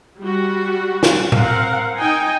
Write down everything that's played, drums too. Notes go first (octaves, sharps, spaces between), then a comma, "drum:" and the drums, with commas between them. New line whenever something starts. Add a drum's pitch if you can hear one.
G3 F#4
drum: snare
C4 A#4 F5 F#5, drum: tom A2
D#4 G5 G#5